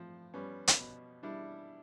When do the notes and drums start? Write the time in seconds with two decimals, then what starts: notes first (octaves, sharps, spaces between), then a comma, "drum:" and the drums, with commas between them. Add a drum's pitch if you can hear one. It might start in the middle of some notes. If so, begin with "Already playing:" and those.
Already playing: A2 F3 C4
0.34 G3 B3 C#4
0.68 drum: hi-hat
0.79 B2
1.23 G3 D4 E4